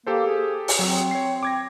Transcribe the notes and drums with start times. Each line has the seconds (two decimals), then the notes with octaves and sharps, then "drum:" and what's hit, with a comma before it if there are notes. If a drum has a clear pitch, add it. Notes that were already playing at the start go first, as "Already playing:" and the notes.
0.07 A#3 G4 A4 C5
0.26 G#4
0.68 drum: open hi-hat
0.79 F#3 C4
1.11 C#5 C7
1.43 D6 G#6 A#6